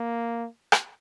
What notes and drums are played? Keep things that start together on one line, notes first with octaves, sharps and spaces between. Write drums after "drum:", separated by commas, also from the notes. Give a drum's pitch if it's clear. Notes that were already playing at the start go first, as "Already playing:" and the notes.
Already playing: A#3
drum: rim click